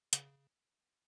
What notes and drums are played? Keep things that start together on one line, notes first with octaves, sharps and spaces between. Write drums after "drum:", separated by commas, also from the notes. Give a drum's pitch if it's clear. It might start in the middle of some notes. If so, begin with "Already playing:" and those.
C#3, drum: hi-hat